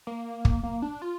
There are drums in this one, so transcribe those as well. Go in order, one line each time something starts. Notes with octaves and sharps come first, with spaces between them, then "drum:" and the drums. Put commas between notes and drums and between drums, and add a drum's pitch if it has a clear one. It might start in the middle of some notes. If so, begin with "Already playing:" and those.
A#3
drum: kick
A#3
D4
F4